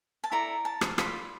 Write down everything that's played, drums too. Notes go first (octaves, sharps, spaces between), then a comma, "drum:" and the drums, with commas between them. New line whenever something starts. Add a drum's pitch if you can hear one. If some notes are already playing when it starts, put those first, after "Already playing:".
A5
E4 A4 D5 A#5
A5
drum: rim click
F4 A4 D5 B5, drum: rim click